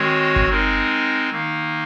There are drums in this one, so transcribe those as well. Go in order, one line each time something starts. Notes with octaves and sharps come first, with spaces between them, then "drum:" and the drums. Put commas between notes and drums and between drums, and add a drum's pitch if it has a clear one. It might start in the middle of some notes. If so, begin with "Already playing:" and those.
Already playing: D#3 G#3 C4 F#4 C#5
drum: kick G1
G#3 C4 D#4 A#4
D#3 A#3 D#4